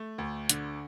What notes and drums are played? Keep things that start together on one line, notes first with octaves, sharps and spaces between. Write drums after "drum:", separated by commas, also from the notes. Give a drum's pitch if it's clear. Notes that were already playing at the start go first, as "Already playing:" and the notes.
Already playing: A3
D2
D3, drum: hi-hat